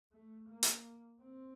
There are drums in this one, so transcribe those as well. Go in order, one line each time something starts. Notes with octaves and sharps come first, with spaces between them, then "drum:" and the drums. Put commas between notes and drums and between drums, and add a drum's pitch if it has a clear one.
A3
A#3
drum: hi-hat
C4